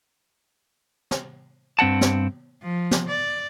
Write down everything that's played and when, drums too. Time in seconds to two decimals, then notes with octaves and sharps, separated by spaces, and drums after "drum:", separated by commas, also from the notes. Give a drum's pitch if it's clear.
1.11 drum: snare
1.79 G2 C4 D5 F#5 A5
2.01 drum: snare
2.63 F3
2.91 drum: snare
3.09 D5